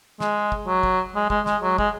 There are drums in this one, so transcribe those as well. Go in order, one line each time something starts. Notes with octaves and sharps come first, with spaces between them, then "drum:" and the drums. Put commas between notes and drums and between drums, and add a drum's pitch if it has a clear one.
G#3, drum: snare
drum: kick
F#3
drum: kick
G#3
G#3, drum: kick
G#3, drum: snare
F#3
G#3, drum: kick